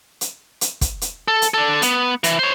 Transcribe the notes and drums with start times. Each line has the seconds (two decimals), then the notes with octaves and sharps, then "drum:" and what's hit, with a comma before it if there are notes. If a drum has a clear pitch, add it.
0.21 drum: hi-hat
0.61 drum: hi-hat
0.81 drum: kick, hi-hat
1.01 drum: hi-hat
1.28 A4
1.42 drum: hi-hat
1.54 D4 A4
1.82 B3, drum: hi-hat
2.24 E3, drum: hi-hat
2.39 C5 C#5